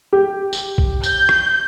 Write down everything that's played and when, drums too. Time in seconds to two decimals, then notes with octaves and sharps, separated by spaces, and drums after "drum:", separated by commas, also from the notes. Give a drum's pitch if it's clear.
0.13 G4
0.53 drum: tambourine
0.78 drum: kick B1
1.04 G6, drum: tambourine
1.29 drum: rim click